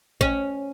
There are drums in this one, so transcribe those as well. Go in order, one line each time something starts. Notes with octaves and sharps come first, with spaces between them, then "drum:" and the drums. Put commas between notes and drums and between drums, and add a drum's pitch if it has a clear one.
C#4, drum: kick A1